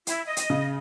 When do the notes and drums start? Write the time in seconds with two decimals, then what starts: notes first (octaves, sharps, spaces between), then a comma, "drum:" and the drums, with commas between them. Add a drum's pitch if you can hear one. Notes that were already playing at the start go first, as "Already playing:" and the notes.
0.07 E4, drum: hi-hat
0.27 D#5
0.37 drum: hi-hat
0.50 C#3